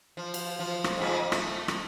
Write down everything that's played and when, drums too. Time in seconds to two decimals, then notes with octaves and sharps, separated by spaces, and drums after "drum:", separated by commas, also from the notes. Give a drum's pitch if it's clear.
0.17 F3
0.34 drum: cymbal
0.59 F3
0.84 drum: rim click
0.98 F2 G#2 F3
1.32 A3, drum: rim click
1.68 drum: rim click